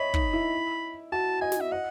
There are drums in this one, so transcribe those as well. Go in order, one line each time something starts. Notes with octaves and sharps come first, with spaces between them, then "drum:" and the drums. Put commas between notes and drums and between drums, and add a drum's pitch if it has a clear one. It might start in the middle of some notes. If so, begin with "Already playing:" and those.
Already playing: C#5 D#5 E5 B5
D#4, drum: kick
E4
F#4 A5
D#5 G#5
drum: snare
E5
D#5 F#5